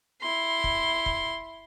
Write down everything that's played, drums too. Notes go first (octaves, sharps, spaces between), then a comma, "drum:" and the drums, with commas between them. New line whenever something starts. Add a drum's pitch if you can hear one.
E4 C6
drum: kick
drum: kick